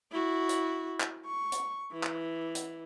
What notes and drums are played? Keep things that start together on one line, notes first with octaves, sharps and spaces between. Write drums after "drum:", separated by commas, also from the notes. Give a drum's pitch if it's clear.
E4 F#4
drum: hi-hat
drum: clap
C#6
drum: hi-hat
E3
drum: clap
drum: hi-hat